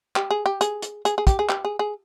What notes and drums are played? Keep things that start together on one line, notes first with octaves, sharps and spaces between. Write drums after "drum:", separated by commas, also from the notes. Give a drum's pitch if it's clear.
G4, drum: clap
G#4
G4
G#4, drum: hi-hat
drum: hi-hat
G#4, drum: hi-hat
G#4
G4, drum: kick, hi-hat
G#4
G4, drum: clap
G#4
G#4